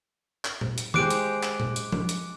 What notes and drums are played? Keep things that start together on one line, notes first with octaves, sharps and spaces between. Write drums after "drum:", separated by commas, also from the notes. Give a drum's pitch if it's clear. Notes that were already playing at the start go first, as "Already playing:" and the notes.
drum: clap
drum: tom A#2
drum: hi-hat
G#3 G4 C5 D6 F#6 D7, drum: tom D#3
drum: hi-hat
drum: clap
drum: tom A#2
drum: hi-hat
drum: tom F3
drum: hi-hat